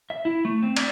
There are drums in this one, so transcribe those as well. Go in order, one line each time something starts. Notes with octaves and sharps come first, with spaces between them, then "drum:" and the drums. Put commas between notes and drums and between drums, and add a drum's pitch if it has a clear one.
E5
E4
A3
C4
D5, drum: cymbal